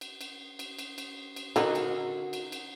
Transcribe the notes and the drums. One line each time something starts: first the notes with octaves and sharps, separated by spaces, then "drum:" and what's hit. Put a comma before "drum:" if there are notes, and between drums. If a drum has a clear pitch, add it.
drum: cymbal
drum: cymbal
drum: cymbal
drum: cymbal
drum: cymbal
drum: cymbal
D3 D#3 D#4 F#4, drum: cymbal
drum: cymbal
drum: cymbal
drum: cymbal